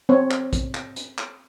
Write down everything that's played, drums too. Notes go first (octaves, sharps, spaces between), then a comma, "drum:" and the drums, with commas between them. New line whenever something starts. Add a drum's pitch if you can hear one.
C4 C#5
drum: clap
drum: kick A#1, hi-hat
drum: clap
drum: hi-hat
drum: clap